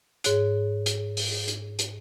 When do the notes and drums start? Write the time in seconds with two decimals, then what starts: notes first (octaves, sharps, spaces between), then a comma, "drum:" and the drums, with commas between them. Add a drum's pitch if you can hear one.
0.24 G#2 G#4 C#5 F#6, drum: hi-hat
0.86 drum: hi-hat
1.17 drum: open hi-hat
1.48 drum: hi-hat
1.79 drum: hi-hat